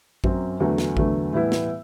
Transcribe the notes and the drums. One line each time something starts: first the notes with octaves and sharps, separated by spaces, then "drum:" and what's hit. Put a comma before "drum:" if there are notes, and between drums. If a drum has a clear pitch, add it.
F#2 F#3 C4, drum: kick A1
E2 D3 F#3 A3
drum: snare
E2 D3 F#3 A3, drum: kick A1
A2 E3 G3 B3 E4
drum: snare